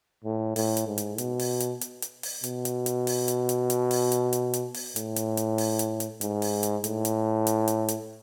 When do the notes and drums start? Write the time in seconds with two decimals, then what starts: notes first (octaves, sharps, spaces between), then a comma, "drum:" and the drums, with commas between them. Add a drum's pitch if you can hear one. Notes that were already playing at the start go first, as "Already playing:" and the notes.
0.25 A2
0.56 A2, drum: open hi-hat
0.77 drum: hi-hat
0.87 G#2
0.98 drum: hi-hat
1.18 B2, drum: hi-hat
1.39 drum: open hi-hat
1.60 drum: hi-hat
1.81 drum: hi-hat
2.02 drum: hi-hat
2.23 drum: open hi-hat
2.44 B2, drum: hi-hat
2.65 drum: hi-hat
2.86 drum: hi-hat
3.07 drum: open hi-hat
3.28 drum: hi-hat
3.49 drum: hi-hat
3.70 drum: hi-hat
3.91 drum: open hi-hat
4.12 drum: hi-hat
4.33 drum: hi-hat
4.54 drum: hi-hat
4.74 drum: open hi-hat
4.96 A2, drum: hi-hat
5.16 drum: hi-hat
5.37 drum: hi-hat
5.58 drum: open hi-hat
5.79 drum: hi-hat
6.00 drum: hi-hat
6.21 G#2, drum: hi-hat
6.42 drum: open hi-hat
6.63 drum: hi-hat
6.84 A2, drum: hi-hat
7.05 drum: hi-hat
7.47 drum: hi-hat
7.68 drum: hi-hat
7.88 drum: hi-hat